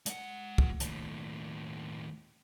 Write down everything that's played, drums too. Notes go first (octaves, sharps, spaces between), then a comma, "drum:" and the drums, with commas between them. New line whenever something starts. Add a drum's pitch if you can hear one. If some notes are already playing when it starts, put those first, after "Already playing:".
G#3 F#5, drum: hi-hat
drum: kick
D#2 A2, drum: hi-hat